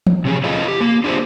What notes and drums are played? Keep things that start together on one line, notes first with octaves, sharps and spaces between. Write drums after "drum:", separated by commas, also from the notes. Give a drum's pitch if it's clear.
drum: tom E3
C3 C#4 G#4
E4 F4 G#4 A4 D#5 F5
G4
A#3
D4 F4 G4 G#4 C5 E5